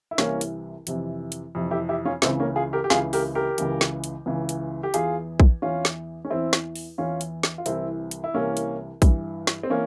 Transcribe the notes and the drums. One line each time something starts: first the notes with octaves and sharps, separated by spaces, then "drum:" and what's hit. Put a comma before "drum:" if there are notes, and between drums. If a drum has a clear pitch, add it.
E4
C2 C3 E3 A#3 C#4, drum: snare
drum: hi-hat
F2 C3 E3, drum: hi-hat
drum: hi-hat
F2 C3 E3
E4 G4
E4 G4
C#4 F4
C#2 C#3 E3 C4 E4, drum: snare
A#3 C#4
F4 G#4
G4 A#4
G4
C#2 C#3 E3 F4 G#4, drum: snare
G4 A#4, drum: open hi-hat
G4 A#4
C#2 C#3 E3, drum: hi-hat
drum: snare
drum: hi-hat
C#2 C#3 E3
drum: hi-hat
G4
E2 E3 F4 G#4, drum: hi-hat
drum: kick
E2 E3 C#4 F4
drum: snare
C#4
E2 E3 C4 E4
drum: snare
drum: open hi-hat
E2 E3 C#4 F4
drum: hi-hat
drum: snare
F4
C2 C3 E3 C4 E4, drum: hi-hat
drum: hi-hat
E4
C2 C3 E3 A#3 C#4
drum: hi-hat
G2 E3, drum: kick, hi-hat
drum: snare
C4
E3 A#3 C#4